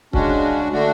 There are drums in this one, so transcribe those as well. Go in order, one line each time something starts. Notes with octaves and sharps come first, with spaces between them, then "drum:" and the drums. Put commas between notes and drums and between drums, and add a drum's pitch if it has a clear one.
C#3 G#3 C#4 D4 F#4, drum: kick C#1
D3 A3 D4 F#4